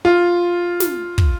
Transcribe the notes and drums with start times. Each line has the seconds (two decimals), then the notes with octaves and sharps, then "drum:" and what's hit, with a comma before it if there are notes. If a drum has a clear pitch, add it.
0.05 F4
0.80 drum: snare
1.18 drum: kick